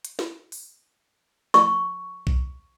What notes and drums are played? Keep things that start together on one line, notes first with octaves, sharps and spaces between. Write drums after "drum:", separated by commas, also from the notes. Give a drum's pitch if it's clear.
drum: hi-hat
drum: snare
drum: open hi-hat
C#6, drum: snare
drum: kick B1